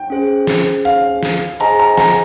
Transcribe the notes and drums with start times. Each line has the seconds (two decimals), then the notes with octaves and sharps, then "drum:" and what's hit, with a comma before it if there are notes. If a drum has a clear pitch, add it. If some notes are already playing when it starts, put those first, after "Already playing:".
Already playing: G5
0.10 C#4 G#4 C5
0.47 drum: snare
0.85 F5, drum: hi-hat
1.23 drum: snare
1.60 G#4 C5 D#5 G#5 A#5, drum: hi-hat
1.79 A#5
1.98 A#5, drum: snare